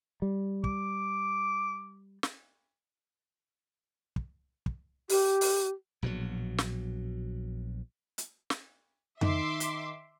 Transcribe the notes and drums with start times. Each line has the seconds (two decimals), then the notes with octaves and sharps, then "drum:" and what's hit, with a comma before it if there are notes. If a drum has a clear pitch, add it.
0.22 G3
0.64 D6, drum: kick
2.23 drum: snare
4.16 drum: kick
4.66 drum: kick
5.09 G4, drum: open hi-hat
5.41 drum: open hi-hat
6.02 A#1 B2 F3 F#3
6.58 drum: snare
8.18 drum: hi-hat
8.50 drum: snare
9.21 D#3 E5 C6 D6, drum: tom F2
9.60 drum: hi-hat